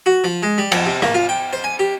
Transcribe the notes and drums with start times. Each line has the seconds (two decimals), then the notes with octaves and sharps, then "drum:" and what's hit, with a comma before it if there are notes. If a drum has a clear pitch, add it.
0.06 F#4
0.24 F3
0.43 G#3
0.58 G3
0.72 F2, drum: cymbal
0.86 C3
1.02 A#3, drum: rim click
1.14 F4
1.29 G5
1.53 C5
1.64 G#5
1.79 G4